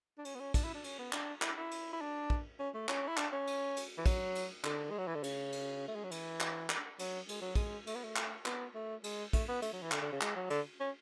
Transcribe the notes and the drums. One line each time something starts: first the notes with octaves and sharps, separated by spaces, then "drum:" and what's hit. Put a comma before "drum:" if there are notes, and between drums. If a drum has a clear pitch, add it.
D4
C#4, drum: cymbal
B3
C#4
D4, drum: kick, cymbal
E4
D4
C#4, drum: cymbal
B3
D4, drum: clap
E4, drum: clap
E4
drum: cymbal
E4
D4
drum: kick
C#4
A3
C#4, drum: clap
E4
D4, drum: clap
C#4
drum: cymbal
drum: cymbal
E3
F#3, drum: kick, cymbal
drum: cymbal
D3, drum: clap
G#3
F#3
E3
D3
C#3, drum: cymbal
drum: cymbal
A3
G#3
F#3
E3, drum: cymbal
drum: clap
drum: clap
F#3, drum: cymbal
G#3, drum: cymbal
F#3
G#3, drum: kick, cymbal
A3, drum: cymbal
B3
A3
drum: clap
B3, drum: clap
A3
G#3, drum: cymbal
A3, drum: kick, cymbal
B3
A3, drum: cymbal
F#3
E3
D3, drum: clap
D3
C#3
G#3, drum: clap
F#3
D3, drum: cymbal
C#4